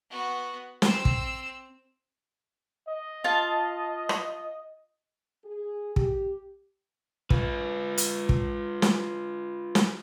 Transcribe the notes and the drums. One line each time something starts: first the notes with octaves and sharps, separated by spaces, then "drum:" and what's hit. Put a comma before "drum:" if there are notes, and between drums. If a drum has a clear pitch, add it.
B3 F#4
C4 E6, drum: snare
drum: kick
D#5
F4 A5
drum: rim click
G#4
G4, drum: kick
F4 B4, drum: kick
drum: hi-hat
drum: kick
drum: snare
drum: snare